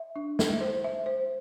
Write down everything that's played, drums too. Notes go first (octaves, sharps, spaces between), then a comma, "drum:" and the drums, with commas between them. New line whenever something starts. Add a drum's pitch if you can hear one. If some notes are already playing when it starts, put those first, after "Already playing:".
Already playing: E5
D4
E5, drum: snare
C5
E5
C5